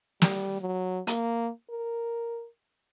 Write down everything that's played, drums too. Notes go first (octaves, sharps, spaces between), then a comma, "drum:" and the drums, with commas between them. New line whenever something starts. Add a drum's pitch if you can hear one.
G3, drum: snare
F#3
A#3, drum: hi-hat
A#4